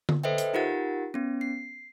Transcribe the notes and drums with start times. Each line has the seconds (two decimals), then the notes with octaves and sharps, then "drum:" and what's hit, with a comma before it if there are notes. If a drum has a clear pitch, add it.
0.09 drum: tom D3
0.24 A4 B4 C5 D#5 E5 G5
0.38 drum: hi-hat
0.54 D#4 F4 G4 A#4 F#5 A6
1.14 B3 C#4
1.41 C7